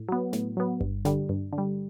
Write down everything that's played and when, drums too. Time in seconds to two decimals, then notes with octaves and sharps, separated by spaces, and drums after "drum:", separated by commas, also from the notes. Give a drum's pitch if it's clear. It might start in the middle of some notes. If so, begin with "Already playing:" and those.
Already playing: A2
0.09 F#3 B3
0.33 A2, drum: snare
0.57 F#3 B3
0.81 G2, drum: kick G1
1.05 D3 G3, drum: snare
1.29 G2
1.53 D3
1.58 G3